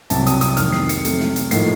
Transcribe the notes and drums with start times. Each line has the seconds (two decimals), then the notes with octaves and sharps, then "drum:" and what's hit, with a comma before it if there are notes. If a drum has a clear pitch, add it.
0.10 C2 C3 F#3 A5, drum: hi-hat
0.26 D#6, drum: hi-hat
0.41 D#6, drum: hi-hat
0.57 F2 D#3 A#3 F6, drum: hi-hat
0.72 C7, drum: snare
0.89 C#7, drum: hi-hat
1.05 C3 F#3 A3, drum: hi-hat
1.20 drum: snare
1.36 drum: hi-hat
1.51 A2 F3 A#3 D#4 C7, drum: hi-hat